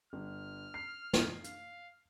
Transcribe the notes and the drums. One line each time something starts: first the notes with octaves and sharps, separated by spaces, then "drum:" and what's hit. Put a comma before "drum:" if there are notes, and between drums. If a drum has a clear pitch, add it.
G1 F6
C7
drum: snare
F5, drum: hi-hat